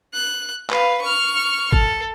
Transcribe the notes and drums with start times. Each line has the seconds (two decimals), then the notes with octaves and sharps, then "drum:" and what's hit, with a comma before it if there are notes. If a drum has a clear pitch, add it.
0.14 F#6
0.70 B4 F5, drum: clap
1.01 C#6 F6
1.73 A4, drum: kick